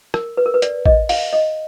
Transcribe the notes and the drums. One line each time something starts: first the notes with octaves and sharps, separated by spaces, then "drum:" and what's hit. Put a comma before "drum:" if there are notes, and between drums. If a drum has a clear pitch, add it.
A#4, drum: rim click
B4
A#4
B4
D5, drum: hi-hat
D#5, drum: kick
F5, drum: open hi-hat
D#5